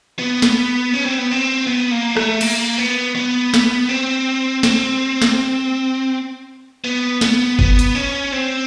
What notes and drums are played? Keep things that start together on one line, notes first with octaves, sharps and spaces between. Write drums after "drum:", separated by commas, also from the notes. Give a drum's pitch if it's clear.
B3
drum: snare
C#4
C4
B3
C4
B3
A#3
A3, drum: rim click
A#3, drum: cymbal
B3
B3
drum: snare
C4
C4, drum: snare
drum: snare
B3
B3, drum: snare
B3, drum: kick G1
drum: hi-hat
C#4
C4